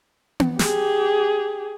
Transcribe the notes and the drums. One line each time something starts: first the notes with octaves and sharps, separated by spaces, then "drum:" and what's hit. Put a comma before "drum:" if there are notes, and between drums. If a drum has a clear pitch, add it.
drum: tom B3
G4 G#4, drum: snare